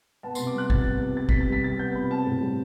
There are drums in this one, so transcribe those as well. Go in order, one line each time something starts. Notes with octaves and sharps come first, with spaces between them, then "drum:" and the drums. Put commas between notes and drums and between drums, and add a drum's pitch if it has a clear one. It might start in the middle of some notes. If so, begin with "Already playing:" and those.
B3 A5
C3 C6, drum: tambourine
D6
G3 F#6
C3 A6, drum: kick
B3
C3
B3 A6
C3 B6, drum: kick
A6
G3 B6
C3 A6
B3 G6
C3 B5
C4 A5
A2
G3